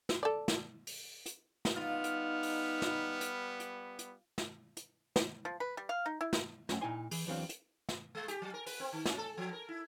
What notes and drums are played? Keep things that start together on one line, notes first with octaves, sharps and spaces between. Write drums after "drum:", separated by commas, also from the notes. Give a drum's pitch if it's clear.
drum: snare
A4 D5
drum: snare
drum: open hi-hat
drum: hi-hat
drum: snare
G3 B3 D#4 F4 F6
drum: hi-hat
drum: open hi-hat
drum: snare
drum: hi-hat
drum: hi-hat
drum: hi-hat
drum: snare
drum: hi-hat
drum: snare
F3
B4
G3
F5
D#4
E4
drum: snare
F#2 A3 C#4 F#5 G5, drum: snare
A#2 D#4 E4 G5 G#5 C6
E3 G#4, drum: open hi-hat
E2 E3 F#3 C4 D4 F5
drum: hi-hat
drum: snare
G#3
G4, drum: hi-hat
F#3
A#4
B4, drum: open hi-hat
C4
D#3
C#4, drum: snare
A4
F3
A#4
E4